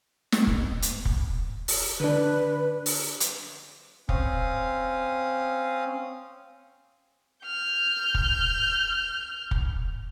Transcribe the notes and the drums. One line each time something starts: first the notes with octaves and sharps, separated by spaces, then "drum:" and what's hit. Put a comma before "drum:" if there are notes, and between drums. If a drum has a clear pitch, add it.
drum: snare
drum: kick
drum: hi-hat
drum: kick
drum: open hi-hat
D3 D4 B4
drum: open hi-hat
drum: hi-hat
C4 C#4 F5 D#6, drum: kick
F6 G6
drum: kick
drum: kick